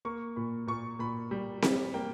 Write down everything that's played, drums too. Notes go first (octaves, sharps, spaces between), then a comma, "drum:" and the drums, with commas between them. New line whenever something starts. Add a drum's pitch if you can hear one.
A#3 C#6
A#2 B5
A#2 C#6
A#2 B5
G3
G3, drum: snare C4
A#3 G5